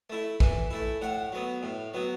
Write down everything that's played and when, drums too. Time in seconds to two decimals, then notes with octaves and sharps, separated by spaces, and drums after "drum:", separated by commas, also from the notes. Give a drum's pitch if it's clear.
0.10 A3 E4
0.40 E3, drum: kick
0.71 A3 E4
1.02 A2 F#5
1.32 F#3 B3
1.63 A2
1.94 F#3 B3